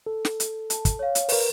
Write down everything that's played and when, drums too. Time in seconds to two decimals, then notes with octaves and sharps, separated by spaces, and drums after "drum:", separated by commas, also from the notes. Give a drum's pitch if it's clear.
0.06 A4
0.25 drum: snare
0.40 drum: hi-hat
0.70 A5, drum: hi-hat
0.85 drum: kick, hi-hat
0.99 C#5 F5
1.15 drum: hi-hat
1.29 A#4 B4, drum: open hi-hat